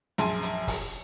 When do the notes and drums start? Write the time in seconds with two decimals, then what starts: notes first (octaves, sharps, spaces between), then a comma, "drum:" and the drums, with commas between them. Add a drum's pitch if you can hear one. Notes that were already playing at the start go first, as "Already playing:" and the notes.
0.18 A#1 F#2 G#4 A5 C6 D#7, drum: hi-hat
0.43 drum: hi-hat
0.67 drum: kick, open hi-hat